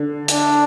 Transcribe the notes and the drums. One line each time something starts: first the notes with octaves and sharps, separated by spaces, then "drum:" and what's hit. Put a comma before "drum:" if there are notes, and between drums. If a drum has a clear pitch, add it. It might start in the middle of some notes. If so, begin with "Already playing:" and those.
Already playing: D3
D4, drum: hi-hat